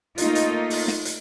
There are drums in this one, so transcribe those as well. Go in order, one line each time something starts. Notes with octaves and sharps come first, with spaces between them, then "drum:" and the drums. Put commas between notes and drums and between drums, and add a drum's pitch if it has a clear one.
A3 A#3 D#4 F4, drum: hi-hat
drum: hi-hat
drum: open hi-hat
drum: snare
drum: hi-hat